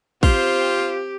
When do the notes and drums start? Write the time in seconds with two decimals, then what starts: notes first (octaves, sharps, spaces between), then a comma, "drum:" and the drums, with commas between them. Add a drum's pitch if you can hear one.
0.23 C4 F4 G4 C5, drum: kick